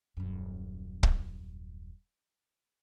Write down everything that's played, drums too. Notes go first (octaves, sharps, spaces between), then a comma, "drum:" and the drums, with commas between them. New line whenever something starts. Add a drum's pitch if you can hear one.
D#1 F#2
drum: kick